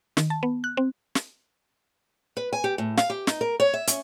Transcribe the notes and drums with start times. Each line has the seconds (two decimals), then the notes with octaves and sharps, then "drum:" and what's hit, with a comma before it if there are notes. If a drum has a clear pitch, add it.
0.17 D#3, drum: snare
0.30 A5
0.43 B3
0.64 F#6
0.77 C4
1.15 drum: snare
2.37 B4
2.53 G#5
2.64 G4
2.78 A2
2.97 F5, drum: snare
3.10 G4
3.27 D#4, drum: snare
3.41 A#4
3.60 C#5
3.74 E5
3.87 C#4, drum: hi-hat